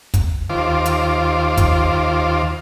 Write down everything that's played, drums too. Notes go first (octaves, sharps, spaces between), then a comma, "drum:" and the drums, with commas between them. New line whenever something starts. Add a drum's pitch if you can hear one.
drum: kick, hi-hat
D#2 F4 C5 D6
drum: hi-hat
drum: kick, hi-hat